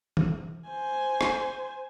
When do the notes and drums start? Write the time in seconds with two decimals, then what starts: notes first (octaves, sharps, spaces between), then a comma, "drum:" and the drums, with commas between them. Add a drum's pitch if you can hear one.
0.17 drum: tom E3
0.69 C5 G#5
1.21 drum: rim click